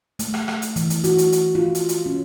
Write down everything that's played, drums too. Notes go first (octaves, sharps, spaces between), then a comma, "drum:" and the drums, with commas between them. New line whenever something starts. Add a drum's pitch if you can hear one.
A3, drum: hi-hat
drum: rim click
drum: rim click
drum: hi-hat
E3, drum: hi-hat
drum: hi-hat
F#4, drum: hi-hat
drum: hi-hat
drum: hi-hat
F4
drum: hi-hat
drum: hi-hat
C#4